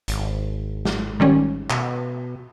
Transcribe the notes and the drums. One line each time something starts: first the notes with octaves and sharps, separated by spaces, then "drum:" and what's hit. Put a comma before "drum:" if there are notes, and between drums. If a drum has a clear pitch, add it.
G#1, drum: hi-hat
drum: snare
D#3 G3 C#4
B2, drum: clap